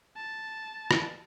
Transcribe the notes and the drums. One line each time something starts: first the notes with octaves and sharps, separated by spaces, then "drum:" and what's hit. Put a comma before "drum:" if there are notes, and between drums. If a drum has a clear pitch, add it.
A5
drum: rim click